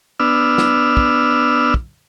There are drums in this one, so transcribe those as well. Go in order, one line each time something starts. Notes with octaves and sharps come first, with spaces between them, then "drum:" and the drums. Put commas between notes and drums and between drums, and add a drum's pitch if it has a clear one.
B3 D4 E6 F6
drum: snare
drum: kick
drum: kick